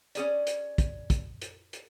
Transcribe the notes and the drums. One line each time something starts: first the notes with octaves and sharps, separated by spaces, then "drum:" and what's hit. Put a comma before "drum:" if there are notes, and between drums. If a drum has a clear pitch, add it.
C#4 G#4 D5, drum: hi-hat
drum: hi-hat
drum: kick, hi-hat
drum: kick, hi-hat
drum: hi-hat
drum: hi-hat